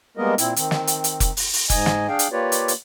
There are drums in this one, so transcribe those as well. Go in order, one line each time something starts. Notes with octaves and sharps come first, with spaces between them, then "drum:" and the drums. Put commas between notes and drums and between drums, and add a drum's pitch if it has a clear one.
G3 G#3 A#3 B3 A#4 D#5
A#2 C4 E4, drum: hi-hat
D#3 C4, drum: hi-hat
drum: snare
drum: hi-hat
drum: hi-hat
drum: kick F1, hi-hat
drum: open hi-hat
drum: open hi-hat
G#2 D#5 G#5, drum: kick F1, hi-hat
drum: snare
D4 G#4 F5 G5
drum: hi-hat
A#3 F4 G4 B4 C#5 D5
drum: hi-hat
drum: hi-hat